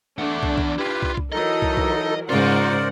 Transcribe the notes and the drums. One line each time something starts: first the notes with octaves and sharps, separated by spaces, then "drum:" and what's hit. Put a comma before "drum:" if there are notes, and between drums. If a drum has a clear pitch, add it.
E2 A3 D4 F#5
drum: kick
drum: kick
E4 F4 G4 B4
drum: kick
drum: kick
E3 F#3 D#4 A4 A#4 D#5
drum: kick
drum: kick
G#2 C#3 F4 A#4 C5 D5 F#5